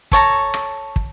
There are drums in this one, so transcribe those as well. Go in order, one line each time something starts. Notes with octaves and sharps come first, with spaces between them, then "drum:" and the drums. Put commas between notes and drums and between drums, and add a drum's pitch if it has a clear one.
A4 C#5 A5 A#5, drum: kick
drum: rim click
drum: kick